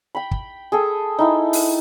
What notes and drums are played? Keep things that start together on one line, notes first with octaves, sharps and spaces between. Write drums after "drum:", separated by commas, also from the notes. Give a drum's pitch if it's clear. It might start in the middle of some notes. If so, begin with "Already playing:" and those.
G5 B5
drum: kick
G#4 A4 G5
D#4 E4 G5
drum: open hi-hat